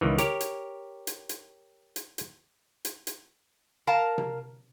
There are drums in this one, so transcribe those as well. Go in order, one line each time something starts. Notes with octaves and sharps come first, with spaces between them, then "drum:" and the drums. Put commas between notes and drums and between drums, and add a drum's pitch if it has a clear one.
C#2 D#3 E3
G4 A#4 C#5, drum: hi-hat
drum: hi-hat
drum: hi-hat
drum: hi-hat
drum: hi-hat
drum: hi-hat
drum: hi-hat
drum: hi-hat
A#4 F5 A5 A#5
drum: tom C3